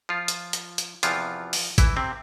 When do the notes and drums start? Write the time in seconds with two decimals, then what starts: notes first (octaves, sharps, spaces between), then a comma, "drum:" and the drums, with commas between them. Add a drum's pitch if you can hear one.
0.09 F3 F4
0.28 drum: hi-hat
0.53 drum: hi-hat
0.78 drum: hi-hat
1.03 E2 C3 E3 F3 F4, drum: hi-hat
1.53 drum: open hi-hat
1.78 E3 E4, drum: kick A1, hi-hat
1.97 C3 C4